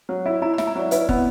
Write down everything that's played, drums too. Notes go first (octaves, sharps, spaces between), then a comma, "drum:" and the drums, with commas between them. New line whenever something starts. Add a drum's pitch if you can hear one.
F#3
E4
E4 A#5
B5
E4, drum: snare
A#5
F#3 D5
E4 B4, drum: hi-hat
B3, drum: kick